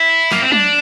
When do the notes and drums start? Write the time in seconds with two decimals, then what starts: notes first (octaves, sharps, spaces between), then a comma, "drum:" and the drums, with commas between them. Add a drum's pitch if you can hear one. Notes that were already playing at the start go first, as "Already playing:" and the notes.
Already playing: E4
0.32 A#3, drum: snare
0.42 C4
0.52 D4, drum: tom